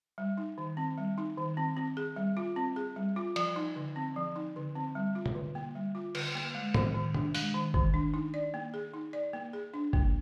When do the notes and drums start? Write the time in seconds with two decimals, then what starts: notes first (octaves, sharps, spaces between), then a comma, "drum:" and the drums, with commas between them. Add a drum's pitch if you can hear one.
0.18 G3
0.38 D#4
0.58 D#3
0.77 C4
0.98 G3
1.18 D#4
1.38 D#3
1.57 C4
1.77 C4
1.97 G#4
2.16 G3
2.37 F4
2.56 C4
2.76 G#4
2.96 G3
3.16 F4
3.36 F3, drum: cymbal
3.56 D#4
3.76 D3
3.96 C4
4.16 F3
4.36 D#4
4.56 D3
4.75 C4
4.95 G3
5.15 F4
5.26 drum: tom B2
5.35 D3
5.55 A#3
5.75 G3
5.95 F4
6.15 D3, drum: cymbal
6.35 A#3
6.55 G#3
6.74 D#3, drum: tom A2
6.95 D#3
7.14 D4, drum: tom B2
7.35 G#3, drum: open hi-hat
7.54 D#3
7.74 D#3, drum: kick G1
7.94 D4
8.14 D#4
8.34 D5
8.54 A#3
8.74 G#4
8.94 D#4
9.13 D5
9.33 A#3
9.53 G#4
9.74 D4
9.93 A#3, drum: kick G1